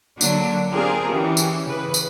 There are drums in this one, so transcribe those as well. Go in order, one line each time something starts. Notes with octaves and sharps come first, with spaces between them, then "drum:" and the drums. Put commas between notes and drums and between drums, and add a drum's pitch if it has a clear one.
D3 F#3 A#3 D4, drum: tambourine
C4 D4 F4 G4 G#4 A#4
E3 C#4 G4
drum: tambourine
C#3 B4
drum: tambourine